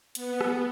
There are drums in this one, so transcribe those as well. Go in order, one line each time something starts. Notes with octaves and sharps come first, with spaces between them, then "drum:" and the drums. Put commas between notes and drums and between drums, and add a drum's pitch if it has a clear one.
B3, drum: hi-hat
drum: rim click